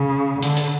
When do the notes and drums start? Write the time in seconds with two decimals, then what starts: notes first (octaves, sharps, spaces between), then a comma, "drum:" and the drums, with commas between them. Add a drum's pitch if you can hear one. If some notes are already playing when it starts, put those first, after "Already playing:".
Already playing: C#3
0.42 D3, drum: hi-hat
0.57 drum: hi-hat